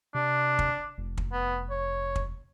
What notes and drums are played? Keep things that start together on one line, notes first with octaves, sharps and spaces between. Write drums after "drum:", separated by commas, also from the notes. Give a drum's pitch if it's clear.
C3 D4
drum: kick
F1
drum: kick
B3
C#5
drum: kick